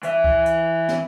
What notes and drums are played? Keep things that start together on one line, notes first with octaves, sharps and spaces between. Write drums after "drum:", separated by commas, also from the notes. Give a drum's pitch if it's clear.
E3 E5, drum: hi-hat
drum: kick C#2
drum: hi-hat
drum: snare